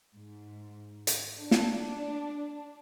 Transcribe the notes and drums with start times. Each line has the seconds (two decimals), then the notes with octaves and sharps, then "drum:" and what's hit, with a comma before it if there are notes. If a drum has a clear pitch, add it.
0.15 G#2
1.07 drum: hi-hat
1.40 D4
1.51 drum: snare